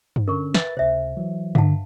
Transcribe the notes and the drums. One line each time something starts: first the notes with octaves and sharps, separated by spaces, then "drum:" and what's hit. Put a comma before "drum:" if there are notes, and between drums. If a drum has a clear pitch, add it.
drum: tom G2
D3 C#4 A#4 C#6
B4 E5 A6, drum: snare
C#2 C3 C5 E5
E3 F#3
D3 F5 F#5 A5, drum: tom G2